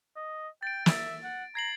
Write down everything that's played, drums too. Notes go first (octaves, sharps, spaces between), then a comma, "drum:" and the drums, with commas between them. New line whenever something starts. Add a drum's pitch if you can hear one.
D#5
G5 A6 D7
E5, drum: snare
F#5
A#5 G#6 C7 F#7